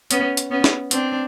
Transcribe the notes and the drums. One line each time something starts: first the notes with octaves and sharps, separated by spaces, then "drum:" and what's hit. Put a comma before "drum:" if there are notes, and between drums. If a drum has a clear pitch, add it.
B3 C#4, drum: hi-hat
drum: hi-hat
B3 C#4
drum: snare
C4 D4, drum: hi-hat